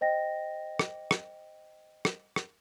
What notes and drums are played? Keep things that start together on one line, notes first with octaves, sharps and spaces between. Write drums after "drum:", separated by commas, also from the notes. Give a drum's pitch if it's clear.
C5 D#5 G5 A#6
drum: rim click
drum: rim click
drum: rim click
drum: rim click